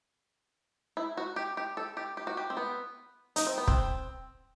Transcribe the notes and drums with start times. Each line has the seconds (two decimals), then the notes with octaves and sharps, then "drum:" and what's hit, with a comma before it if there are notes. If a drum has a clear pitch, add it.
0.97 E4
1.17 F#4
1.36 G4
1.57 G4
1.77 A4
1.97 G4
2.17 G4
2.27 F#4
2.37 G4
2.50 C4
2.57 B3
3.36 D#4, drum: hi-hat
3.47 C4
3.58 B3
3.67 C4, drum: kick